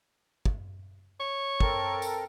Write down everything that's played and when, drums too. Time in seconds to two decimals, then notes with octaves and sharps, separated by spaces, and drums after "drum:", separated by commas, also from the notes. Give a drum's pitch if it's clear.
0.45 drum: kick
1.20 C#5
1.60 C4 A4 A#4, drum: kick
2.02 drum: tambourine